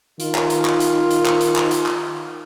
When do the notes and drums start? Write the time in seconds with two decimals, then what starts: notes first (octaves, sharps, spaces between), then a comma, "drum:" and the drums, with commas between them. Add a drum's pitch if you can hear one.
0.20 D#3 F4, drum: hi-hat
0.35 drum: clap
0.50 drum: hi-hat
0.65 drum: clap
0.80 drum: hi-hat
1.10 drum: hi-hat
1.26 drum: clap
1.41 drum: hi-hat
1.56 drum: clap
1.71 drum: hi-hat
1.86 drum: clap